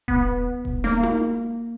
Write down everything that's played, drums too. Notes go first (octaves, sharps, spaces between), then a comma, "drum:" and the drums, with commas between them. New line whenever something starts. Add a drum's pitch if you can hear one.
B3, drum: kick D#1
drum: kick D#1
A#3, drum: snare
drum: tom D#4